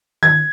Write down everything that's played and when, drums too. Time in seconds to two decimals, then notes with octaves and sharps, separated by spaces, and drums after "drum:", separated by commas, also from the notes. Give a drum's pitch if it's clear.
0.23 G#6, drum: tom D3